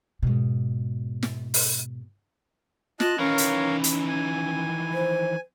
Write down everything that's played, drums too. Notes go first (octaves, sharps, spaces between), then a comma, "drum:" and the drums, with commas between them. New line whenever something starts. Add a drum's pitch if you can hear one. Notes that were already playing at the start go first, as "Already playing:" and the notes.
G#2 B2
drum: snare
drum: open hi-hat
F4 D#5 A5 F#6, drum: snare
D#3 E3 C#4 A#4 C#5 F5
drum: hi-hat
drum: hi-hat
G#5
C5